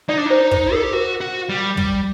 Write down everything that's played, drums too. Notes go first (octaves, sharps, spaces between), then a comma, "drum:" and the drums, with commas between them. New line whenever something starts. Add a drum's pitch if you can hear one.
D#4 D5
D4
D#4 C5
C5, drum: kick
A4 A#4
G4
F#4 A#4
F#4
G3
G3, drum: kick